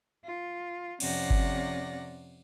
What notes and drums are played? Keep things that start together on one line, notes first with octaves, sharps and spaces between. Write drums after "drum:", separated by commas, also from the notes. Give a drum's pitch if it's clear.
F4
F2 C3 C#4 D5 F#5 A#6, drum: cymbal
drum: kick G1